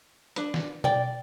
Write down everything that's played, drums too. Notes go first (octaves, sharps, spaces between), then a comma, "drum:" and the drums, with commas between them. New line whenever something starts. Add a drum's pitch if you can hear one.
D4 B4, drum: hi-hat
drum: snare
D5 G5, drum: tom B2